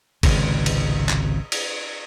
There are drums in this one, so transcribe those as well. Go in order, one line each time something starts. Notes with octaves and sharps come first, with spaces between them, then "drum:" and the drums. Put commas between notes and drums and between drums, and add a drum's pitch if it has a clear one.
G#1 C#2 C3, drum: kick G1, cymbal
drum: cymbal
drum: clap
drum: cymbal